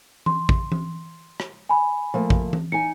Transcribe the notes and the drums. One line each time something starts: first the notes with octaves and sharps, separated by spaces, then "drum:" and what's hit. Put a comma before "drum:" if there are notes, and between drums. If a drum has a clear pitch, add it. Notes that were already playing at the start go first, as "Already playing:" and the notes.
C6, drum: tom E3
drum: kick
drum: tom E3
drum: rim click
G#5 B5
F3 A3 A#3
drum: kick
drum: tom E3
D#4 G#5 C#7